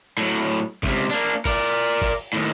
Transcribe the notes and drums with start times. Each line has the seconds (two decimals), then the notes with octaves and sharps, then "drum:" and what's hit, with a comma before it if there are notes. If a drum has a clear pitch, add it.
0.18 A2 F#3
0.83 C#2 C3, drum: kick, cymbal
1.10 A#3 D4
1.45 A#4 D5, drum: kick, cymbal
2.02 drum: kick, cymbal
2.33 D#2 A2